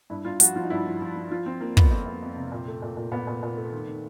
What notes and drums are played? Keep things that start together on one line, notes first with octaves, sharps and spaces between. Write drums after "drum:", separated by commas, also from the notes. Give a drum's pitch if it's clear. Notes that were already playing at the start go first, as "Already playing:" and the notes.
G2 E4
G2 F4
F3 F#4, drum: hi-hat
F3 F4
D#4
G2 E4
F3
F3
F3
F3 F4
F3 C4
F3 A#3
F2 B3, drum: kick
F2 C4
F2
F2
C3
A#2
A3
A#2
A#2
A#2 B3
A#2
A#2
A3
D#3
D#3